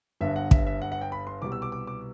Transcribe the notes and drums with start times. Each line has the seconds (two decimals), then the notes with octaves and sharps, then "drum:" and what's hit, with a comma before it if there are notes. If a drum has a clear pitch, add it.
0.21 G1 G2 D3 E5
0.36 F#5
0.51 E5, drum: kick
0.67 E5
0.82 F#5
0.92 F#5
1.02 G5
1.12 B5
1.27 C6
1.42 C2 B2 G3 B3 D6
1.52 E6
1.62 D6
1.72 D6
1.87 D6